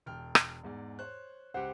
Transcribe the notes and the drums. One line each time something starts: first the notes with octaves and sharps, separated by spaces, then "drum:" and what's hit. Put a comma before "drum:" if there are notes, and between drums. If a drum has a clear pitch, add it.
E1 G5 F6
drum: rim click
E2 G#2 D5
C5 C#5 F#6
C#2 G4 C5 F#5